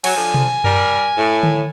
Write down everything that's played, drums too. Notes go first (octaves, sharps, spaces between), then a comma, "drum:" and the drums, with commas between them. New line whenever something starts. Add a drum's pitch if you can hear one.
F#3 G#5, drum: cymbal
D3 F3
drum: tom B2
G3 A#4, drum: tom F#2
A2
drum: tom D3